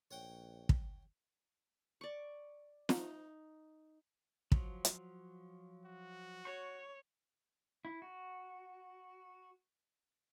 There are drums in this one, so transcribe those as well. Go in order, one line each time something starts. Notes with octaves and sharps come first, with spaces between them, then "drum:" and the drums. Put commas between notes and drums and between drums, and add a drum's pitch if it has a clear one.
A#1 C#5 F#5 G5
drum: kick
D5 C#6
D#4, drum: snare
F3 F#3, drum: kick
drum: hi-hat
F#4
C#5 C#6
E4
F#4